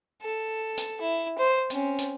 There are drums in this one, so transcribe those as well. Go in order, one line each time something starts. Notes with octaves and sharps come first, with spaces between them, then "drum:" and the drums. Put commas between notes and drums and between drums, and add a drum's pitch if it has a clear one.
A4
drum: hi-hat
E4
C5
C4 C#4, drum: hi-hat
drum: hi-hat